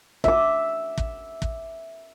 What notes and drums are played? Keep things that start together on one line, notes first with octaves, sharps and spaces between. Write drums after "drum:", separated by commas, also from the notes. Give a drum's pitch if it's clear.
E5 D6, drum: kick
drum: kick
drum: kick